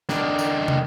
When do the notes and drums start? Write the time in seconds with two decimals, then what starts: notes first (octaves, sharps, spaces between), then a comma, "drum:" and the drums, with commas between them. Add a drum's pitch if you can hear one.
0.09 D#3 D4, drum: snare
0.39 drum: tambourine
0.68 drum: tom